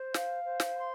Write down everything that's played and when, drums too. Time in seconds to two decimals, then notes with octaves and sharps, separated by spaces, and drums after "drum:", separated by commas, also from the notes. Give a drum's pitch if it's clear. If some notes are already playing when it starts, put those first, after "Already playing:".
Already playing: C5
0.14 F5, drum: snare
0.45 C5
0.60 drum: snare
0.75 C6